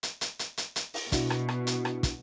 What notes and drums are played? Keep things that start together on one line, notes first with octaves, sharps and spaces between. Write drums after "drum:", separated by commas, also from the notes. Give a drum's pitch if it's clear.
drum: hi-hat
drum: hi-hat
drum: hi-hat
drum: hi-hat
drum: hi-hat
drum: open hi-hat
B2 D4 E4 F#4, drum: kick, hi-hat
drum: rim click
drum: rim click
drum: hi-hat
drum: rim click
drum: kick, hi-hat